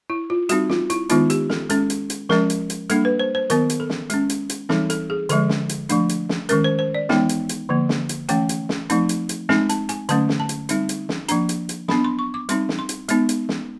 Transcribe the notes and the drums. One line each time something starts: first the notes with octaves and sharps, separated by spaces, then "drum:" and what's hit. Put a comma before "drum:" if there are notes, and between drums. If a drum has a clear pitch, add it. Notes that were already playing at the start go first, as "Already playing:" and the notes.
E4
F4
G3 C4 D#4 F#4, drum: hi-hat
F4, drum: snare
E4, drum: hi-hat
D#3 G#3 B3 D#4 F4, drum: hi-hat
G4, drum: hi-hat
A4, drum: snare
G#3 C#4 A4, drum: hi-hat
drum: hi-hat
drum: hi-hat
F3 G#3 C#4 A#4, drum: snare
drum: hi-hat
drum: hi-hat
G3 A#3 D4 A4, drum: hi-hat
B4
C5
C5
D#3 F#3 B3 A#4, drum: hi-hat
drum: hi-hat
A4
drum: snare
G#3 C#4, drum: hi-hat
drum: hi-hat
drum: hi-hat
E3 G3 C4 D#4 A4, drum: snare
A4, drum: hi-hat
G#4
D3 F3 G#3 A4, drum: hi-hat
drum: snare
drum: hi-hat
F3 A3 D4, drum: hi-hat
drum: hi-hat
drum: snare
D#3 G#3 C#4 A#4, drum: hi-hat
C5
C5
D5
E3 G#3 B3 D#4 G5, drum: snare
drum: hi-hat
drum: hi-hat
D3 F3 A#3
drum: snare
drum: hi-hat
E3 A3 C#4 G5, drum: hi-hat
drum: hi-hat
drum: snare
F3 A3 C4 D#4, drum: hi-hat
drum: hi-hat
drum: hi-hat
G#3 C4 D#4 G#5, drum: snare
A5, drum: hi-hat
G#5, drum: hi-hat
D3 F#3 A3 C#4 A5, drum: hi-hat
drum: snare
A5
drum: hi-hat
G3 C4 D#4, drum: hi-hat
drum: hi-hat
drum: snare
F3 A#3 D4 A#5, drum: hi-hat
drum: hi-hat
drum: hi-hat
F#3 B3 D4 B5, drum: snare
C6
C#6
D6
G3 C4 D#4 C6, drum: hi-hat
drum: snare
C6
drum: hi-hat
G#3 B3 D#4, drum: hi-hat
drum: hi-hat
drum: snare